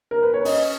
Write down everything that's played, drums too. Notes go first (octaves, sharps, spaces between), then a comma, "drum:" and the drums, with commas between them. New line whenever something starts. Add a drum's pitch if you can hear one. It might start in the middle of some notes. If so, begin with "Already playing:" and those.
A#4
B4
C#5
C#4 D#5, drum: open hi-hat